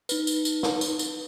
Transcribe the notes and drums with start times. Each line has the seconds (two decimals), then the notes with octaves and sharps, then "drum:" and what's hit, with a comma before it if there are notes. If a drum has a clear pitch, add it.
0.09 D#4 B4, drum: tambourine
0.27 drum: tambourine
0.45 drum: tambourine
0.63 drum: snare
0.81 drum: tambourine
0.99 drum: tambourine